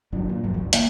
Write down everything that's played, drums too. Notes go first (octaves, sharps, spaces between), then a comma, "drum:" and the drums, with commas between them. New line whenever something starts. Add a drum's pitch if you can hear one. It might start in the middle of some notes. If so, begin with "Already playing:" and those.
G1 F#3 D4
A#2
F1 G2 E3 F#3
G#1 D2
A#3, drum: hi-hat